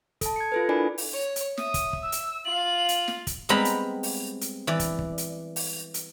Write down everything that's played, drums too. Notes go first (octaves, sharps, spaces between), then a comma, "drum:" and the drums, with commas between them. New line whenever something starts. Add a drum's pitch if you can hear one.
A4 A5, drum: kick, hi-hat
G#6 C#7
F4 A4 B4
D4 E4 A#4 D5 G#5 B5
drum: open hi-hat
C#5
drum: hi-hat
E5 D#6, drum: snare
drum: kick, hi-hat
drum: kick
E6
drum: hi-hat
F4 F5 F#7
drum: hi-hat
drum: snare
drum: kick, hi-hat
G3 G#3 B3 C4 A#5 B5
drum: hi-hat
drum: open hi-hat
drum: hi-hat
E3 D5
drum: kick, hi-hat
drum: kick
drum: hi-hat
drum: open hi-hat
drum: hi-hat